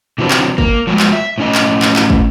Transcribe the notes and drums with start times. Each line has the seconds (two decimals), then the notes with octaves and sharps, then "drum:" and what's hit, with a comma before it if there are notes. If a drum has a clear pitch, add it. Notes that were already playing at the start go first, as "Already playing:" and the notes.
0.18 C3 E3 F#3 C4 D4
0.31 drum: clap
0.58 A#3, drum: kick
0.87 F3 F#3 G#3
1.00 drum: clap
1.12 E5
1.38 A2 C#4 D#5
1.55 drum: clap
1.82 drum: clap
1.96 drum: clap
2.10 drum: kick